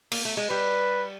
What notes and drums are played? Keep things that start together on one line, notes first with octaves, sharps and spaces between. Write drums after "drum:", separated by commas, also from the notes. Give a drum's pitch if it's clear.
A#3, drum: cymbal
A3
G#3
G3 B4